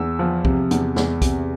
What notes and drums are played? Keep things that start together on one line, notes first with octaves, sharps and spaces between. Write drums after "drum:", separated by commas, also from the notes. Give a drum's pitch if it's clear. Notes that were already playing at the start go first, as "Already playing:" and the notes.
Already playing: E2 E6
F3
C3, drum: kick
E2, drum: hi-hat
E2, drum: snare
C3, drum: kick, hi-hat